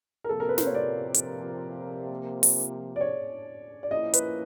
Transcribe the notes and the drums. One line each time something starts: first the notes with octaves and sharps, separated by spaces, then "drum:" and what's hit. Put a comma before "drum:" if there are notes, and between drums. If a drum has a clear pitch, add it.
A#4
C3 F3 A#3 A4
A#4
B4
C5, drum: snare
C#5
D5
drum: hi-hat
drum: open hi-hat
D5
C#5
D5
F3 A#3 C#4 E4 D#5
B4, drum: hi-hat